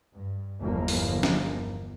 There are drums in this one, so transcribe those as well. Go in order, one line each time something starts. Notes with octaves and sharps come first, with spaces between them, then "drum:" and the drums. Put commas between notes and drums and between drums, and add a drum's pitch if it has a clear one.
G2
G1 E2 F3 A#3
drum: open hi-hat
drum: snare